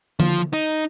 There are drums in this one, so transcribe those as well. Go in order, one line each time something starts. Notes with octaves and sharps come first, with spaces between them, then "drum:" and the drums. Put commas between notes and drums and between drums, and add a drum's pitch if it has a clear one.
F3, drum: tom D3
D#4